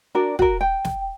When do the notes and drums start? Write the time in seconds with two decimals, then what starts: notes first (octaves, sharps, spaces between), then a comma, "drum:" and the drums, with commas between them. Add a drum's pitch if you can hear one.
0.15 D4 F#4 A#4 D5
0.39 F#4 A#4, drum: kick
0.61 G5
0.85 drum: snare